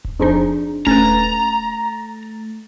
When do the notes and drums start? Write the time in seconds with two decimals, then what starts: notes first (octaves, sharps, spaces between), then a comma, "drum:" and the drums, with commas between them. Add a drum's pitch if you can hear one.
0.05 drum: kick D#1
0.20 F2 F3 D4 D#4 G#4
0.87 A3 C#4 B4 A#5 A6, drum: kick D#1